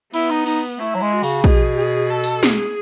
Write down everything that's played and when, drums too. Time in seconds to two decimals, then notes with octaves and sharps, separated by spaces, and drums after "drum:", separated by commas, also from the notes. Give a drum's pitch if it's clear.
0.14 B3 E4, drum: cymbal
0.30 D#4
0.46 D#4, drum: cymbal
0.79 A3 E4
0.94 F#3
1.01 G#3
1.12 F#4
1.23 C#3, drum: cymbal
1.44 B2 G#4, drum: kick A#1
1.77 G#4
2.10 A4
2.24 drum: tambourine
2.43 G#4, drum: snare